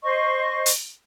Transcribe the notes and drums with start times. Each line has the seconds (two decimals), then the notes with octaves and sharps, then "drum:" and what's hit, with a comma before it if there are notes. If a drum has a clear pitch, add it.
0.03 C5 D#5 C#6
0.66 drum: hi-hat